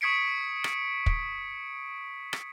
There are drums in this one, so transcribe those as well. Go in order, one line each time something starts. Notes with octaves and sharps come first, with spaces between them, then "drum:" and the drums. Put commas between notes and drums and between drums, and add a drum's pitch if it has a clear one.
C#6 D#6 G#6 B6 C#7 D7
drum: rim click
drum: kick
drum: rim click